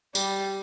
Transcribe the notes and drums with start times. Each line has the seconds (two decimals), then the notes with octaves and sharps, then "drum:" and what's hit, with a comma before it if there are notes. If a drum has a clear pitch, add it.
0.15 G3, drum: tambourine